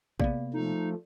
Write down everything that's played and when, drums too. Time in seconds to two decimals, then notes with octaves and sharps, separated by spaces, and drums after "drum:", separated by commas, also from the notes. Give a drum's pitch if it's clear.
0.20 C3 A#3 B3 G#4 D5 F5, drum: kick
0.54 F3 A3 D#4